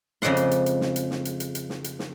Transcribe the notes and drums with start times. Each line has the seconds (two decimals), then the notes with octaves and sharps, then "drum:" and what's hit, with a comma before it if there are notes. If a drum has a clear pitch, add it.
0.22 F2 C#3 G#3 D5 F#5 C6, drum: snare
0.37 drum: hi-hat
0.51 drum: hi-hat
0.66 drum: hi-hat
0.81 drum: snare
0.96 drum: hi-hat
1.11 drum: snare
1.25 drum: hi-hat
1.40 drum: hi-hat
1.55 drum: hi-hat
1.70 drum: snare
1.84 drum: hi-hat
1.99 drum: snare